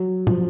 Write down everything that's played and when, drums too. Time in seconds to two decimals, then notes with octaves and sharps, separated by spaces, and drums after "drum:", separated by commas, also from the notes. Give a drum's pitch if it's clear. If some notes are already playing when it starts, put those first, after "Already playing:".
Already playing: F#3
0.27 F3, drum: tom